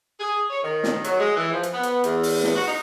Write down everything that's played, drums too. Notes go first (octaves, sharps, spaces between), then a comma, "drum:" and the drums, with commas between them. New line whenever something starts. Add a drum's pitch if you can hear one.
G#4
C#5
D#3
drum: snare
F#3, drum: hi-hat
G#3
E3
F3
drum: hi-hat
B3
drum: hi-hat
E2, drum: hi-hat
drum: open hi-hat
drum: snare
F#4
D#4